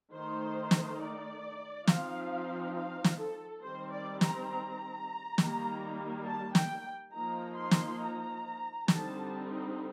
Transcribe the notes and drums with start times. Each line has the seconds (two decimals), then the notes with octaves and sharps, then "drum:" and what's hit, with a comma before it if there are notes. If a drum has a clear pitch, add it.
0.12 D#3 A3 D#4 C5
0.71 drum: snare
1.00 D5
1.87 F3 C4 D#4 F5, drum: snare
2.75 F5
3.04 drum: snare
3.19 A4
3.63 D#3 G3 C4 C5
3.92 D5
4.21 A#5, drum: snare
4.50 A#5
5.38 D#3 G3 A#3, drum: snare
6.25 A5
6.55 G5, drum: snare
7.13 F3 A#3 D#4 A#5
7.57 C6
7.71 drum: snare
8.00 A#5
8.88 D3 G3 C4 D#4 A5, drum: snare